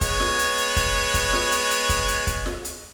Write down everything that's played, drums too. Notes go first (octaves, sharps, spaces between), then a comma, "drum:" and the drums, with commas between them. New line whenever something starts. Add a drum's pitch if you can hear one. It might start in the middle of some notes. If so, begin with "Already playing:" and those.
G#3 B3 C#5, drum: kick, hi-hat
drum: snare
drum: hi-hat
drum: hi-hat
drum: kick, hi-hat
drum: kick, hi-hat
drum: snare
drum: hi-hat
drum: hi-hat
drum: kick, hi-hat
drum: hi-hat
drum: kick, hi-hat
drum: snare
drum: hi-hat